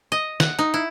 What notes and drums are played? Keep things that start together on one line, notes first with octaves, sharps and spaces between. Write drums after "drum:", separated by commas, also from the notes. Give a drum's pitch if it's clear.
D#5
F#5, drum: snare
D#4
E4